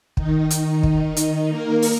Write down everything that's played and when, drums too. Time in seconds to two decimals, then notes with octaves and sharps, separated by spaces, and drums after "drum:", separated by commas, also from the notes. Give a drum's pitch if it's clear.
0.17 D#3 D#4, drum: kick
0.50 drum: hi-hat
0.83 D#3 D#4, drum: kick
1.16 drum: hi-hat
1.49 A#3 A#4
1.83 drum: open hi-hat